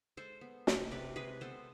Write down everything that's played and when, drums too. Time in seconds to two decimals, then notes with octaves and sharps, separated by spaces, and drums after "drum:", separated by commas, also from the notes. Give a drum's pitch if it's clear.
0.17 G#3 A4 C5
0.41 B3
0.67 C3, drum: snare
0.91 C3 B4 D5
1.16 G#3 G#4 B4
1.41 B3 A4 C5